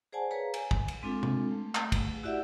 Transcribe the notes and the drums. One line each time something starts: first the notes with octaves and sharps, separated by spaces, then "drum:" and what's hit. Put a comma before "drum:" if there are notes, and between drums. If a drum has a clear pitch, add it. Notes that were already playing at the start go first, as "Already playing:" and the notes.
G#4 C5 D5 F#5 G#5 A5
G#4 A#4 B4 C#5 F5 A#5
G#5, drum: cymbal
drum: kick
drum: cymbal
G#3 C4 D4 F4 A4
drum: tom
A3
drum: clap
drum: kick, cymbal
E4 F#4 G4 D5 E5 F#5